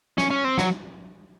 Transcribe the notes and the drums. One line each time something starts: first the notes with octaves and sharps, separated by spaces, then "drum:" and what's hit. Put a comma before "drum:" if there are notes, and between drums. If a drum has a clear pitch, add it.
C#4, drum: snare
C#4
C4
F#3, drum: snare